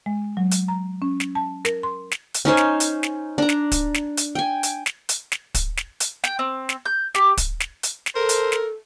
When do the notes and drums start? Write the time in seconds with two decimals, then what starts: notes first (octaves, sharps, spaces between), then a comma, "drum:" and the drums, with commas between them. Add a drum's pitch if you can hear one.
0.06 G#3
0.37 F#3
0.51 drum: hi-hat
0.68 A#5
1.02 C#4
1.20 drum: snare
1.35 A5
1.65 A#4, drum: snare
1.83 C6
2.11 drum: snare
2.34 drum: hi-hat
2.45 C#4 D#4 C5 C#5
2.57 drum: snare
2.80 drum: hi-hat
3.03 drum: snare
3.38 D4 A#5
3.49 drum: snare
3.72 drum: kick, hi-hat
3.94 drum: snare
4.17 drum: hi-hat
4.35 G5 G#5
4.63 drum: hi-hat
4.86 drum: snare
5.09 drum: hi-hat
5.32 drum: snare
5.54 drum: kick, hi-hat
5.77 drum: snare
6.00 drum: hi-hat
6.24 G5, drum: snare
6.39 C4
6.69 drum: snare
6.85 G6
7.15 G4, drum: snare
7.37 drum: kick, hi-hat
7.60 drum: snare
7.83 drum: hi-hat
8.06 drum: snare
8.16 A4 A#4 C5
8.29 drum: hi-hat
8.52 drum: snare